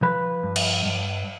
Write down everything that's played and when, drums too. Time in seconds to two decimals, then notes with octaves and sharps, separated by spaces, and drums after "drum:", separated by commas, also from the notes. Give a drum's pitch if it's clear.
0.02 F3 B4 B5
0.43 G2
0.56 drum: cymbal
0.85 G2